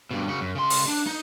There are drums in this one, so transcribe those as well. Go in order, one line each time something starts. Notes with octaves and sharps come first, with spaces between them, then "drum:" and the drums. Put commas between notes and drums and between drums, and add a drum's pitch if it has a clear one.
G2 B2
C#3 F#4
F#2
C#3 C6
drum: open hi-hat
D4
D#4